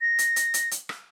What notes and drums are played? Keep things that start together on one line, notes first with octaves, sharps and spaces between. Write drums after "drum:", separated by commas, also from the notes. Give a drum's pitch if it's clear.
A#6
drum: hi-hat
drum: hi-hat
drum: hi-hat
drum: hi-hat
drum: rim click